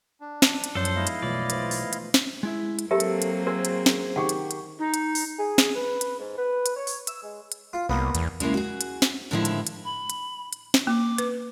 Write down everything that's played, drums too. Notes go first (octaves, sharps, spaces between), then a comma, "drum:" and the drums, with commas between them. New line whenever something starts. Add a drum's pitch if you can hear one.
D4
drum: snare
drum: hi-hat
F#2 F3 A4 C5
drum: hi-hat
G#3 B3 D#4 E4 D#5 F5
drum: hi-hat
B1 E3 A3 F4 D5
B4 C5, drum: hi-hat
drum: open hi-hat
drum: hi-hat
drum: snare
G#3 E4 E5
drum: hi-hat
F#3 A#3 C4 G4 A4 A#4 E5
drum: hi-hat
drum: hi-hat
G#4 A#4 C5
drum: hi-hat
drum: snare
D#3 G4 F#5 C#6
drum: hi-hat
drum: hi-hat
D#4
drum: hi-hat
drum: open hi-hat
G#4
drum: snare
B4
drum: hi-hat
G#2
B4
drum: hi-hat
C#5
drum: open hi-hat
E6, drum: hi-hat
G#3
drum: hi-hat
F4
C2 A#3 B3
E2, drum: hi-hat
C#3 G#3 A#3 E4, drum: hi-hat
F#4 G#4
drum: hi-hat
drum: snare
A2 D3 D#3 F3 G#3 E4
drum: hi-hat
drum: hi-hat
B5
drum: hi-hat
drum: hi-hat
drum: snare
A#3 D6
B4, drum: hi-hat